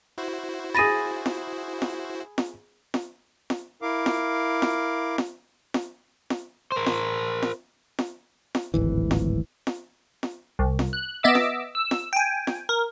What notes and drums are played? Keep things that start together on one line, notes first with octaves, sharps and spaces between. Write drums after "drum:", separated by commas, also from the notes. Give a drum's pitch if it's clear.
E4 F#4 C5
G#4 B5 A6 A#6 D#7
drum: snare
drum: snare
drum: snare
drum: snare
drum: snare
E4 A#4 F5 D6
drum: snare
drum: snare
drum: snare
drum: snare
drum: snare
A#4 C5
drum: snare
drum: snare
drum: snare
drum: snare
D1 G#1 E3
drum: snare
drum: snare
drum: snare
C2
drum: snare
F#6
B3 D#5 E5 D6 E6
drum: snare
E6
drum: snare
G5 G#5
drum: snare
A#4